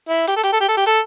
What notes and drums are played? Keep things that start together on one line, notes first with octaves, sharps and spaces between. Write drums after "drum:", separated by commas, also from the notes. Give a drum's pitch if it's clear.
E4
G4, drum: hi-hat
A4
G4, drum: hi-hat
A4
G4
A4
G4
A4, drum: hi-hat